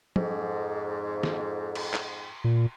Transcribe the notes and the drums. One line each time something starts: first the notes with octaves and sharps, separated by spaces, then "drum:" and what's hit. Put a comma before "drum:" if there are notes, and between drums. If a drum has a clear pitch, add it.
F2 G#2, drum: tom
drum: snare
drum: cymbal
drum: clap
A#2